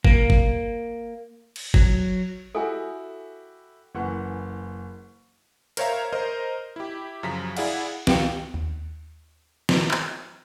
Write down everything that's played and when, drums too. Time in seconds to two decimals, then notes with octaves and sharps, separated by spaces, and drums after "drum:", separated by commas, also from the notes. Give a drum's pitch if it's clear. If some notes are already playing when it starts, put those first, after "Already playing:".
0.05 A#3, drum: kick
0.30 drum: kick
1.56 drum: cymbal
1.74 F#3, drum: kick
2.55 E4 F#4 G4 A4 G#5
3.95 F#1 E3 F#5
5.77 A#4 C5 C#5 E5 F5 A#5, drum: hi-hat
6.12 A#4 C5 D#5
6.76 E4 G4
7.23 F#2 C#3 F3 A#5 B6
7.57 E4 G#4 D5 F5 F#5, drum: cymbal
8.07 C#2 B3 G4 F5 G5 C#7, drum: snare
8.54 D#2
9.69 drum: snare
9.91 drum: clap